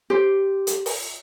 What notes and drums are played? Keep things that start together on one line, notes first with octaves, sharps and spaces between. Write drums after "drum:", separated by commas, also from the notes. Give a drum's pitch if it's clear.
G4 C5
drum: hi-hat
drum: open hi-hat